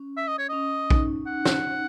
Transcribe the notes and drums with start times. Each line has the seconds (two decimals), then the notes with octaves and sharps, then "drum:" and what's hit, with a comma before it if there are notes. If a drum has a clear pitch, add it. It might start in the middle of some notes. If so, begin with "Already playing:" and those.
Already playing: C#4
0.17 E5
0.28 D#5
0.38 C#5
0.49 C#4 D#5
0.90 D#4, drum: kick A#1
1.27 F#5
1.45 drum: snare